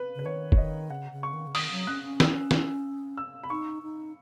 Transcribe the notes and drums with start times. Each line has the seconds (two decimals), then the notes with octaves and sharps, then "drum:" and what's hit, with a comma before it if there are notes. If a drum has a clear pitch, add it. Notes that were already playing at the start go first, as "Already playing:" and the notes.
Already playing: B4
0.15 C#3 B4
0.25 D#3 C#5
0.52 C#5, drum: kick
0.58 D#3 D#5
0.90 C#3 F#5
1.12 C#3
1.23 C#6
1.33 D#3
1.47 C#3
1.55 D#3 D#6, drum: open hi-hat
1.71 F#3
1.87 C#4 F#6
2.04 C#4
2.20 E6, drum: snare
2.51 drum: snare
3.17 E6
3.44 B5
3.50 D#4 C#6
3.83 D#4